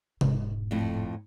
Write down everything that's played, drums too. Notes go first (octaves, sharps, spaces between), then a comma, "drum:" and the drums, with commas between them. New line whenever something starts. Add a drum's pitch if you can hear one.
E1 G#2, drum: tom C3
F2 A2